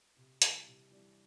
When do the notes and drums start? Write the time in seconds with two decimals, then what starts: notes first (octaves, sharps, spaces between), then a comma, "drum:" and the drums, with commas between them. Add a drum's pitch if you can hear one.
0.17 C3
0.42 E3 G3 D4, drum: hi-hat
0.66 C3
0.90 E3 G3 D4